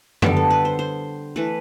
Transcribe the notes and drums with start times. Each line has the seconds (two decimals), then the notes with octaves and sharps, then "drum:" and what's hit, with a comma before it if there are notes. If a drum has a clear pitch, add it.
0.22 D3 G3 B3 A4, drum: tom F#2
0.37 A4
0.50 B4
0.65 C5
0.79 C5
1.36 E3 A3 B4